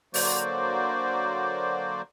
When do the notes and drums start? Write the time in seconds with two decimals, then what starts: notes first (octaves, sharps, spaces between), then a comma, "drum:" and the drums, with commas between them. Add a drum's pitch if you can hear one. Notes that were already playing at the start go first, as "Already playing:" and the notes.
0.14 D3 F#3 A#3 F#4 C5 D5, drum: open hi-hat